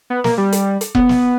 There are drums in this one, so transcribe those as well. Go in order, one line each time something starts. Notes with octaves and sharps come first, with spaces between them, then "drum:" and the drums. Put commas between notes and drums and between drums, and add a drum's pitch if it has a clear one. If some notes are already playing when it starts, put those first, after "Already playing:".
B3
A#3, drum: snare
G3
drum: hi-hat
drum: hi-hat
B3, drum: kick E1
drum: snare